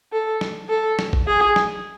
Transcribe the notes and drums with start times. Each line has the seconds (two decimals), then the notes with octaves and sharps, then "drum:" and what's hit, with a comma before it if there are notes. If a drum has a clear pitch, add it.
0.13 A4
0.41 drum: snare
0.69 A4
0.99 drum: snare
1.13 drum: kick A1
1.27 G#4
1.56 drum: snare